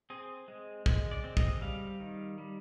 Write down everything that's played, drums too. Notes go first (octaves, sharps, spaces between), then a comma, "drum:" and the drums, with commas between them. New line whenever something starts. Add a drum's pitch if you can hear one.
C4 G#4
G#3
G#3, drum: kick
D5
C4
D#5, drum: kick
G3 F5
D#3
G3